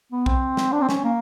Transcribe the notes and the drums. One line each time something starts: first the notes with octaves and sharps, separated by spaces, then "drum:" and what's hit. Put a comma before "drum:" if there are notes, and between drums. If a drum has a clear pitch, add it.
B3
C4, drum: kick B1
drum: snare
D4
C4
C#4, drum: snare
A#3